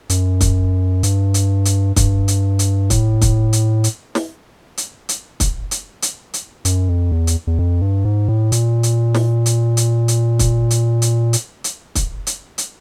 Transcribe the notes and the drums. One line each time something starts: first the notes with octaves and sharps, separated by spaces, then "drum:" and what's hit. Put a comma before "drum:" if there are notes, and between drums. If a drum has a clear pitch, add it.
F#2, drum: hi-hat
drum: kick, hi-hat
G2, drum: hi-hat
drum: hi-hat
drum: hi-hat
G2, drum: kick, hi-hat
drum: hi-hat
drum: hi-hat
A2, drum: kick, hi-hat
drum: kick, hi-hat
drum: hi-hat
drum: hi-hat
drum: snare
drum: hi-hat
drum: hi-hat
drum: kick, hi-hat
drum: hi-hat
drum: hi-hat
drum: hi-hat
F#2, drum: hi-hat
F2
E2
drum: hi-hat
E2
F2
G2
G#2
A2
A#2, drum: hi-hat
drum: hi-hat
drum: snare
drum: hi-hat
drum: hi-hat
drum: hi-hat
drum: kick, hi-hat
drum: hi-hat
drum: hi-hat
drum: hi-hat
drum: hi-hat
drum: kick, hi-hat
drum: hi-hat
drum: hi-hat